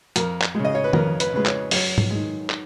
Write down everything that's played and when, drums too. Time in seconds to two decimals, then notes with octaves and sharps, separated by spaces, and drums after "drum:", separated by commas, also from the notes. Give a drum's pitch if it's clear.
0.16 F2 A#4, drum: hi-hat
0.42 drum: clap
0.55 C#3 G#3
0.65 D#5
0.75 C#5
0.84 B4
0.93 F2 A#4, drum: tom D#3
1.20 B4, drum: hi-hat
1.33 C#3 G#3 B4
1.46 C#5, drum: clap
1.71 F#2 C#5, drum: open hi-hat
1.98 drum: tom G#2
2.10 G#3
2.15 D#3
2.50 drum: clap